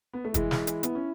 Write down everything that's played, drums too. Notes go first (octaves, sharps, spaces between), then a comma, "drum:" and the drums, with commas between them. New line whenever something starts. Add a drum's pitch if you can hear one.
B3
A3
E3 G#3 E4, drum: kick, hi-hat
drum: snare
drum: hi-hat
B3, drum: hi-hat
C#4